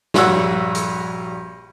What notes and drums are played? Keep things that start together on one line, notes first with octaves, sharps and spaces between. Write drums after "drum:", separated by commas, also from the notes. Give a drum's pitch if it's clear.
A#1 G2 F#4 C#5 F#5 E6, drum: snare
drum: hi-hat